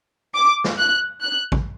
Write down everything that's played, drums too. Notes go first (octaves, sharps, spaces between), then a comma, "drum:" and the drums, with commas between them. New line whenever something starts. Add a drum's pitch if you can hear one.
D6
drum: snare
F#6
F#6
drum: kick A1